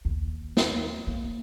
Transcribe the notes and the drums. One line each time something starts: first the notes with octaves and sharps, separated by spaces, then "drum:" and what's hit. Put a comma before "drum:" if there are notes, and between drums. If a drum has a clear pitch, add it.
D#2
drum: snare
A#3